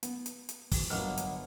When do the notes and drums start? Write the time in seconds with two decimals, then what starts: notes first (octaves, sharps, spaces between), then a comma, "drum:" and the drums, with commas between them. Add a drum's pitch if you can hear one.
0.03 B3, drum: hi-hat
0.26 drum: hi-hat
0.49 drum: hi-hat
0.72 drum: kick, open hi-hat
0.90 G1 B2 F#3 A#3 F6
1.17 drum: hi-hat